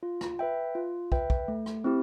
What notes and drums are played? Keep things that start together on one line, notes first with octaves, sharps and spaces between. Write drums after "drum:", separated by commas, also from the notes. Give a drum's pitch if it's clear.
F4
drum: rim click
B4 E5 G5
F4
B4 E5 G5, drum: kick
drum: kick
A3
drum: rim click
C4 E4 G4